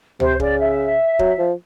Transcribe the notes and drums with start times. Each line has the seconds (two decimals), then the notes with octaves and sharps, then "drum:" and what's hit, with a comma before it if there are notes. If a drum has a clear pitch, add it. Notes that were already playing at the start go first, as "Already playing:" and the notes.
0.20 C3 C5, drum: tom
0.40 C#3 D5, drum: kick
0.59 E5
1.19 F#3, drum: kick
1.39 F3